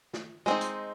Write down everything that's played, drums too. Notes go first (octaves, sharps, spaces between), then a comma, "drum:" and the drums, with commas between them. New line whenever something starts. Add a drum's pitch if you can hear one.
drum: snare
G#3 C4 D#4, drum: snare
drum: hi-hat